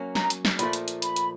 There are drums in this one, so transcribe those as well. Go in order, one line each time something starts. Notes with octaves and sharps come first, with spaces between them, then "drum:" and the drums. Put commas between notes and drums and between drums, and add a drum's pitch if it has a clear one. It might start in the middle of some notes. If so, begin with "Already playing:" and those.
Already playing: F#3 A#3 C#4
A#5, drum: snare
drum: hi-hat
drum: snare
A#2 F3 A3 B5, drum: hi-hat
drum: hi-hat
drum: hi-hat
B5, drum: hi-hat
drum: hi-hat